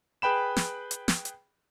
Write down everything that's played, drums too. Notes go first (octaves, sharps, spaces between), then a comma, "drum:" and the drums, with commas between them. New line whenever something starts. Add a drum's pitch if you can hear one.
G#4 B4 G5 B5 E7
drum: snare
drum: hi-hat
drum: snare
drum: hi-hat